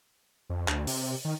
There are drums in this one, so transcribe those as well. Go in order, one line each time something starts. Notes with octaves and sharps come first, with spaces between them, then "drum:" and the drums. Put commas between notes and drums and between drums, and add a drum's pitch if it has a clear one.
F2
D2, drum: clap
C3, drum: open hi-hat
D#3